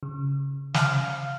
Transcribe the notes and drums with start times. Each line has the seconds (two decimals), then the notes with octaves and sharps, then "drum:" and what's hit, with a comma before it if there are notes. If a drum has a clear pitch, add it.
0.03 C#3
0.74 F5, drum: snare